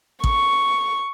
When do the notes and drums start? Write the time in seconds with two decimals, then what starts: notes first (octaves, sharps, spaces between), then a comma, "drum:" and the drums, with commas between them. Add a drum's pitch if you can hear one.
0.24 C#6, drum: kick